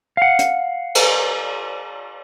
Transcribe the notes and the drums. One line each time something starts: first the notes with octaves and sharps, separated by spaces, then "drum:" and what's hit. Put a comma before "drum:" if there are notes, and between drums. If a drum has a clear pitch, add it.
F5 F#5
drum: hi-hat
drum: cymbal